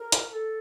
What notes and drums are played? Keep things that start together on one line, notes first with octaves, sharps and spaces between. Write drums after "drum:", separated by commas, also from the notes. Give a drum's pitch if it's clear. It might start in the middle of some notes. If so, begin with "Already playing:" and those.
Already playing: A#4
drum: hi-hat
A4